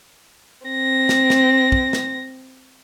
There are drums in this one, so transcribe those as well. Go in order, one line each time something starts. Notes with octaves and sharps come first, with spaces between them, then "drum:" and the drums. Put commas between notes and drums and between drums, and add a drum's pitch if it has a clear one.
C4 A#6
drum: snare
drum: snare
drum: kick
drum: snare